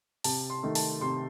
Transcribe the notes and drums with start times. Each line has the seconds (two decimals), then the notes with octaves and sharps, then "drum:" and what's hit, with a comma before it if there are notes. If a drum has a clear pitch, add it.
0.24 C3 A5, drum: open hi-hat
0.50 C6
0.63 D#3 A3
0.75 A5, drum: open hi-hat
1.01 C3 C6